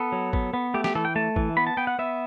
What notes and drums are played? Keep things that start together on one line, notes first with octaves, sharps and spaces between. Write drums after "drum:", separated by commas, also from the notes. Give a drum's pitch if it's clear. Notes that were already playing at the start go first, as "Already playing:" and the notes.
Already playing: B3 A4
F#3
B3, drum: kick G#1
B3
A3 G4
G4, drum: snare
E3 A4
G5
A3 A5
E3, drum: kick G#1
B3 B5
A5
B3 G5
F#5
B3 E5